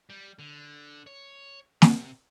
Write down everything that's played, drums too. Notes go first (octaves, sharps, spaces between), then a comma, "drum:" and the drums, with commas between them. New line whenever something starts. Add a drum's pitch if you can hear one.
G3
D3
C#5
C3, drum: snare